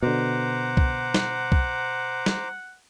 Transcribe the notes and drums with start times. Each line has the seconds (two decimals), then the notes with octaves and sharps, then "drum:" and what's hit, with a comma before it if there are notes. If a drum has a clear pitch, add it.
0.03 B2 D3 C5 F#5 A#5 D6
0.77 drum: kick C2
1.14 drum: snare
1.52 drum: kick C2
2.26 drum: snare